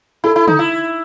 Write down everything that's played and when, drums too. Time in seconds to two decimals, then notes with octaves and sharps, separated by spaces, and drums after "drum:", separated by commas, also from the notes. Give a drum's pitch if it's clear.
0.24 E4 A4
0.36 E4
0.48 D#4, drum: tom C#3
0.59 E4